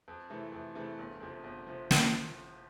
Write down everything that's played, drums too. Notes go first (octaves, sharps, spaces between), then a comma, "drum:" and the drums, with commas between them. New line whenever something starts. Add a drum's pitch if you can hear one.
F2
C3 E3 A3
F2
C3 E3 A3
G1
F2 C3 F3
G1
C3 F3
drum: snare